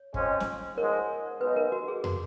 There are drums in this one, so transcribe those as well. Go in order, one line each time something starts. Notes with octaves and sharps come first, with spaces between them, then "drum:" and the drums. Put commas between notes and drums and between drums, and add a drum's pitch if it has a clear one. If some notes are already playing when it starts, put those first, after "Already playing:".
Already playing: C#5
F2 F3 G#3 C#4, drum: kick
drum: snare
G#2 F3 G#3 A#4 C#5
B1 B2 G#3 D#4 B4
A#4
F#4
G#4
F#4, drum: tom